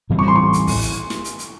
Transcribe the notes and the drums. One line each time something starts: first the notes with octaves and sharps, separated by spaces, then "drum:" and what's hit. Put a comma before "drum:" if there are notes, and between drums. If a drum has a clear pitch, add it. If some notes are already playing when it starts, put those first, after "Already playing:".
A2 E3 G3 C4
C#6
C6
C#6
drum: hi-hat
drum: kick, open hi-hat
drum: hi-hat
drum: snare
drum: hi-hat
drum: hi-hat